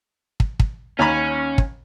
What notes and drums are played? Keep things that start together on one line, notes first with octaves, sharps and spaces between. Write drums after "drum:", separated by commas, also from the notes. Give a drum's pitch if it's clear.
drum: kick
drum: kick
D#2 C#4 A#5 B5
drum: kick